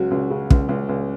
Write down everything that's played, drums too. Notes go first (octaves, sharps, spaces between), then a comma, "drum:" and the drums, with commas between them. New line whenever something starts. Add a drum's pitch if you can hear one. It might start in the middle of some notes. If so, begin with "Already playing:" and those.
Already playing: C#2 F#3 F#4
C#2
C#3
C#2, drum: kick
C#2
C#2